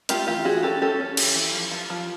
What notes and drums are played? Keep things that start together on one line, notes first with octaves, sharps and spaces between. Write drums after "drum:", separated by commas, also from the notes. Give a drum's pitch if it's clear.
A3 F4 G4, drum: hi-hat
E3 F4 G4
E3 F#4 G#4
C#4 G4 A4
C#4 G4 A4
C#4
E3, drum: cymbal
E3
F3
F3
F3